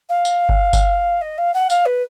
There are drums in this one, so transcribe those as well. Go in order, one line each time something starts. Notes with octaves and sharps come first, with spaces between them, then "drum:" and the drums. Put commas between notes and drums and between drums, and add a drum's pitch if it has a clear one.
F5
drum: tambourine
drum: kick G1
drum: kick G1, tambourine
D#5
F5
F#5
F5, drum: tambourine
B4